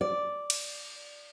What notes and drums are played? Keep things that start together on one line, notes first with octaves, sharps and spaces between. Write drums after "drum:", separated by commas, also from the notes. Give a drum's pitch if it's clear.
D5
drum: cymbal